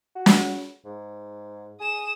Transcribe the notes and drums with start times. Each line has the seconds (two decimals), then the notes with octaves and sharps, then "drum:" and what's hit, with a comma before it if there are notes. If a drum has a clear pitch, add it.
0.15 F#4
0.26 drum: snare
0.85 G#2
1.80 G#4 D#6 E7